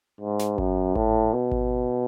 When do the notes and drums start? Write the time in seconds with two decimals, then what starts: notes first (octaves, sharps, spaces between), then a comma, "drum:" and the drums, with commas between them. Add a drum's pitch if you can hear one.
0.21 G#2
0.39 drum: snare
0.58 F#2, drum: kick G#1
0.95 A2, drum: kick G#1
1.33 B2
1.52 drum: kick G#1